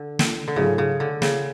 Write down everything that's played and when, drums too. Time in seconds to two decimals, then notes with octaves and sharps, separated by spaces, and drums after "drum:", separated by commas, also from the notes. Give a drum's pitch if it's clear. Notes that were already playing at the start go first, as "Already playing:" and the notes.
Already playing: D3
0.19 drum: snare
0.48 D3
0.56 G#2 C#3 F#3 A3 F4 G#4
0.78 C#3
1.00 D3
1.22 C#3, drum: snare